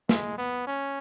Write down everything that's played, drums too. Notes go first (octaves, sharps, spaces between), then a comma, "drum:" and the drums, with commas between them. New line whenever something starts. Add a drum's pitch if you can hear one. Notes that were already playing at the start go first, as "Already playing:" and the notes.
G#3, drum: snare
B3
C#4